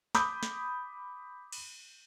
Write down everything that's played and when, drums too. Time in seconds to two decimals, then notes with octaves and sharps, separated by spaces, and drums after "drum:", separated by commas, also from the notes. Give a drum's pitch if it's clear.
0.15 B5 D6 D#6 G6, drum: snare
0.43 drum: snare
1.52 drum: cymbal